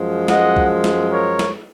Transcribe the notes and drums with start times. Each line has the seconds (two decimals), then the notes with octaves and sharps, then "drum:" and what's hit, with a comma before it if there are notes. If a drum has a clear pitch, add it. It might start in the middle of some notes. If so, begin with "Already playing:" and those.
Already playing: F#2 F3 G#3
0.28 D#5 F#5, drum: snare
0.56 drum: kick C2
0.84 drum: snare
1.12 A#4 C#5
1.39 drum: snare